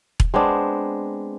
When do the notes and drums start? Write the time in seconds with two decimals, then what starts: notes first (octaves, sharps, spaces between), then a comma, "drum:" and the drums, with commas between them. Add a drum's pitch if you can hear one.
0.20 drum: kick E1
0.34 G#3 B3 C4 D4